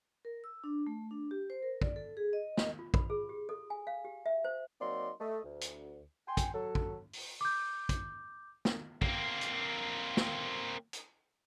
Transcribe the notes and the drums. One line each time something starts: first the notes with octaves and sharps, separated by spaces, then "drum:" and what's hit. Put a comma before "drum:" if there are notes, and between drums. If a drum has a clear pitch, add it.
A#4
E6
D4
A3
D4
G4
C5
A#4
D5, drum: kick
A4
G#4
D#5
drum: snare
F4
B5, drum: kick
G#4
G4
A4
G#5
F5
G4
E5
C5
F#3 A#3 C4 D#4 D5 C6
A3 D#5
D2
drum: hi-hat
G5 G#5 C6
drum: kick, hi-hat
F#3 A4
drum: kick
drum: open hi-hat
D6 G6
drum: kick, hi-hat
drum: snare
A#3 C4, drum: kick
drum: hi-hat
drum: snare
drum: hi-hat